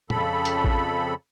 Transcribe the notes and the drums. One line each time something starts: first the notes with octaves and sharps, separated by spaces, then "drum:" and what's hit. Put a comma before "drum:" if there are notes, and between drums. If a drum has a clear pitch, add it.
F2 C#3 A4 B5, drum: tom
drum: hi-hat
drum: kick A1